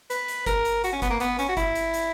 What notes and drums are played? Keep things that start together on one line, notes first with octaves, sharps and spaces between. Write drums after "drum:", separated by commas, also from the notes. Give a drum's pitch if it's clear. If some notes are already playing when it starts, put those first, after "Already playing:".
B4, drum: hi-hat
drum: hi-hat
A#4, drum: kick F#1, hi-hat
drum: hi-hat
F#4, drum: hi-hat
C#4
B3, drum: kick F#1, hi-hat
A#3
B3, drum: hi-hat
C#4, drum: hi-hat
F#4
E4, drum: kick F#1, hi-hat
drum: hi-hat
drum: hi-hat